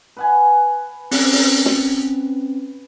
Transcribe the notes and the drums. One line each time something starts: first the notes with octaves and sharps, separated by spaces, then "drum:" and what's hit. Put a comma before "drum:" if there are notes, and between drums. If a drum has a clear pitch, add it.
B4 F#5 G#5
C4 C#4, drum: open hi-hat
drum: open hi-hat
drum: snare